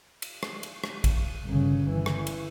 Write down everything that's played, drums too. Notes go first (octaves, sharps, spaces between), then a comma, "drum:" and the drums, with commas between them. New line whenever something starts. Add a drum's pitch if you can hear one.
drum: cymbal
drum: rim click
drum: cymbal
drum: rim click
drum: kick A1, cymbal
G1 C#3
E3
drum: rim click
drum: cymbal